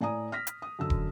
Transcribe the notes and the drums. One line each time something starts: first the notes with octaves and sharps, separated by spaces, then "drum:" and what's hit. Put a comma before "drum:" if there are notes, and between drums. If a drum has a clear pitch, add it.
A2 D5 G#5 A#5 D#6
F6 A#6 B6
drum: hi-hat
D#6
F#2 D3 E6
drum: kick